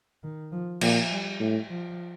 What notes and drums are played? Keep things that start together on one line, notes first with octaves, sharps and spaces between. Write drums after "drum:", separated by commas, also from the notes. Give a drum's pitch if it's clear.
D#3
F3
A#2 F3, drum: cymbal
G3
A2
F3